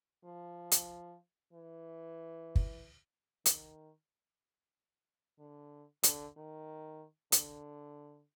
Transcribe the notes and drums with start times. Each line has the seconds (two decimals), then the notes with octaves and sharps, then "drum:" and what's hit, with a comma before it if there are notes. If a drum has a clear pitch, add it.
0.25 F3
0.71 drum: hi-hat
1.53 E3
2.55 drum: kick
3.46 D#3, drum: hi-hat
5.39 D3
6.03 D3, drum: hi-hat
6.37 D#3
7.32 D3, drum: hi-hat